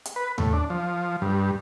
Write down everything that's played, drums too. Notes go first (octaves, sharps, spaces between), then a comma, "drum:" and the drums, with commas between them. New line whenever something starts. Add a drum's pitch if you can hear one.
drum: hi-hat
B4
A2, drum: tom D#2
D4
F3
G2